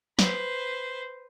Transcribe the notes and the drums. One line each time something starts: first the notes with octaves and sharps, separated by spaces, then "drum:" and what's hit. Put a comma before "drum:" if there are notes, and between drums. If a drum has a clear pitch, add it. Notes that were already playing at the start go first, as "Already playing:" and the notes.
B4 C5, drum: snare